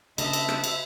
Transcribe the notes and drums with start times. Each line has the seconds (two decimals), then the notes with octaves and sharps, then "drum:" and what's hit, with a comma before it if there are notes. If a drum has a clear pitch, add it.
0.18 C#3 A#3 D4 D#5 E5 A5 D#6, drum: cymbal
0.33 drum: cymbal
0.49 drum: rim click
0.64 drum: cymbal